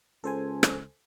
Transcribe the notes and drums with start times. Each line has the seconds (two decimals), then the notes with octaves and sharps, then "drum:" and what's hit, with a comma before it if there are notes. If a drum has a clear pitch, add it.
0.24 C#2 A4 C5 G#5
0.63 drum: rim click